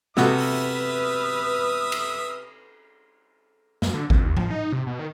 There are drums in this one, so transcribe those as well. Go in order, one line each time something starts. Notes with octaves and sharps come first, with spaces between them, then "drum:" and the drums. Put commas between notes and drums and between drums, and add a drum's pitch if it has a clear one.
C3 B3 F#4 A4 B4 E5 D#6 F6, drum: snare
drum: open hi-hat
drum: cymbal
F#2, drum: snare
D3
F2, drum: kick G#1
D#2
F3, drum: tom G#2
D#4
C3
B2
D#3